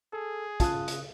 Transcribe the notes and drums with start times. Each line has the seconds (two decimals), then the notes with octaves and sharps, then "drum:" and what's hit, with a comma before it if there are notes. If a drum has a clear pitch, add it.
0.13 G#4 A4
0.60 C#3 F4 A5 D#6 F#6, drum: kick, hi-hat
0.88 drum: hi-hat